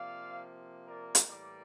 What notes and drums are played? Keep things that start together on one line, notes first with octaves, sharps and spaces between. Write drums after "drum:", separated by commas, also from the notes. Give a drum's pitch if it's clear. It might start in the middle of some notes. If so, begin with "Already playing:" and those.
Already playing: C3 F3 A#3 D5 F5
A#4 D5
drum: hi-hat
A2 E3 G3 A#3 A#4 D5